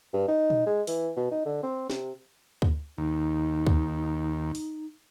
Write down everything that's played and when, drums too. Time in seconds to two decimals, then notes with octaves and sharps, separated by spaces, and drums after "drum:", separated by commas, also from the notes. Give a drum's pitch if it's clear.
0.14 G2
0.28 D#4
0.50 drum: tom A#2
0.66 G#3
0.87 E3, drum: open hi-hat
1.17 B2
1.31 D#4
1.46 D3
1.63 C4
1.90 C3, drum: snare
2.62 drum: kick D2
2.98 D#2 D#4
3.67 drum: kick D2
4.55 drum: open hi-hat